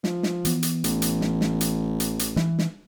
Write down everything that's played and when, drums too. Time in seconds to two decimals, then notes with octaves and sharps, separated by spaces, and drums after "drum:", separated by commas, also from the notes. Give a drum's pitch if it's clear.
0.04 F3, drum: snare
0.23 drum: snare
0.45 E3 B3, drum: hi-hat
0.63 drum: hi-hat
0.84 A1, drum: hi-hat
1.02 drum: hi-hat
1.21 drum: snare
1.41 drum: snare
1.61 drum: hi-hat
2.00 drum: hi-hat
2.19 drum: hi-hat
2.36 E3, drum: snare
2.59 drum: snare